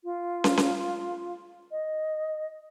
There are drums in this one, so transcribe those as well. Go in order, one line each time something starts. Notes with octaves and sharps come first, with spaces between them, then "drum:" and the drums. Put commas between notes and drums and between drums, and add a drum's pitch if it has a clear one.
F4
drum: snare
drum: snare
D#5